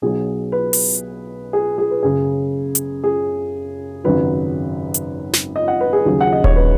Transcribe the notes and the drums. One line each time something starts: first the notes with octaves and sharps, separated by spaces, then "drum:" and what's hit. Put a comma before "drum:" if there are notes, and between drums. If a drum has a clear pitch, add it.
B1 B2 F#3 G#4
B4
drum: open hi-hat
G#4
G#4
B4
F#1 F#2 C#3 G#4
drum: hi-hat
G#4
G#1 F#2 C#3 F#3 B4
drum: hi-hat
drum: snare
D#5
F#5
B4
G#4
D#2 C#3 F#3
F#5
D#5
C#5, drum: kick D#1
B4